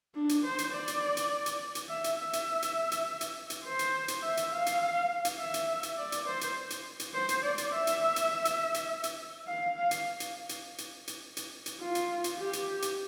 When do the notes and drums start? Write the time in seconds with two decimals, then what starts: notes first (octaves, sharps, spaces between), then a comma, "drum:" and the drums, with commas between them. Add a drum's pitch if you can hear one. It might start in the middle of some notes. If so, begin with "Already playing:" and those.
0.15 D4
0.29 drum: hi-hat
0.44 C5
0.58 drum: hi-hat
0.73 D5
0.88 drum: hi-hat
1.17 drum: hi-hat
1.46 drum: hi-hat
1.75 drum: hi-hat
1.89 E5
2.04 drum: hi-hat
2.18 E5
2.33 drum: hi-hat
2.62 drum: hi-hat
2.92 drum: hi-hat
3.21 drum: hi-hat
3.50 drum: hi-hat
3.65 C5
3.79 drum: hi-hat
4.08 drum: hi-hat
4.23 E5
4.37 drum: hi-hat
4.52 F5
4.66 drum: hi-hat
5.25 drum: hi-hat
5.39 E5
5.54 drum: hi-hat
5.83 drum: hi-hat
5.98 D5
6.12 drum: hi-hat
6.27 C5
6.41 drum: hi-hat
6.70 drum: hi-hat
7.00 drum: hi-hat
7.14 C5
7.29 drum: hi-hat
7.44 D5
7.58 drum: hi-hat
7.73 E5
7.87 drum: hi-hat
8.16 drum: hi-hat
8.45 drum: hi-hat
8.74 drum: hi-hat
9.04 drum: hi-hat
9.47 F5
9.76 F5
9.91 drum: hi-hat
10.20 drum: hi-hat
10.49 drum: hi-hat
10.78 drum: hi-hat
11.07 drum: hi-hat
11.37 drum: hi-hat
11.66 drum: hi-hat
11.80 F4
11.95 drum: hi-hat
12.24 drum: hi-hat
12.39 G4
12.53 drum: hi-hat
12.82 drum: hi-hat